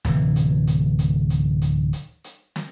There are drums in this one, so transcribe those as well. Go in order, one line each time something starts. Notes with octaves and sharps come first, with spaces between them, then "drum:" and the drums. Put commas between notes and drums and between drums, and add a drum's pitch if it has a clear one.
D1 C3 E3, drum: snare
drum: hi-hat
drum: hi-hat
drum: hi-hat
drum: hi-hat
drum: hi-hat
drum: hi-hat
drum: hi-hat
drum: snare